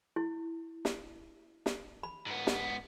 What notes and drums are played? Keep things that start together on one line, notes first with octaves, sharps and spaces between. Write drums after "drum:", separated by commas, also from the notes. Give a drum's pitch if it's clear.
E4
drum: snare
drum: snare
B5
G#2 B3
drum: snare